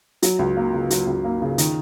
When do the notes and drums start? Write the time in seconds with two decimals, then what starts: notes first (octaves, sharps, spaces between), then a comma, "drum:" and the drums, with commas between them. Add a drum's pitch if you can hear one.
0.22 F#3, drum: hi-hat
0.39 C#2
0.57 A#3
0.73 C#3
0.90 F#3, drum: hi-hat
1.07 C#2
1.24 A#3
1.42 C#3
1.58 D#3, drum: hi-hat